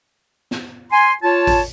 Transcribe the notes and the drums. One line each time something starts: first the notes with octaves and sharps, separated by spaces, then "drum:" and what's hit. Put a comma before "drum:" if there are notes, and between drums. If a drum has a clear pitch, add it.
drum: snare
G#5 C6
F4 C#5 A5
drum: kick G#1, open hi-hat